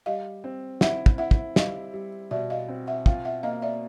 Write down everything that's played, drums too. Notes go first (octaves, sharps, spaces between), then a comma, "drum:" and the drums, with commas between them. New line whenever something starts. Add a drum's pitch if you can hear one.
G3 D#5 F5
C4
E4 E5 F#5, drum: snare
drum: kick
E4 E5 F#5
drum: kick
G3 D#5 F5, drum: snare
G3
B2 D5 E5
D#5 F5
C4
E5 F#5
F4 F5 G5, drum: kick
E5 F#5
A#3 D#5 F5
D5 E5